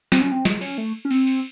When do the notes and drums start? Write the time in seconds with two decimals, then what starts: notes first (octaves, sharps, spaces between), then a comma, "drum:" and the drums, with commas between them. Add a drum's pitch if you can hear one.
0.12 C4, drum: snare
0.21 C#4
0.32 C4
0.45 G#3, drum: snare
0.61 C#4, drum: cymbal
0.78 A3
1.05 C#4
1.11 C4, drum: cymbal
1.27 drum: cymbal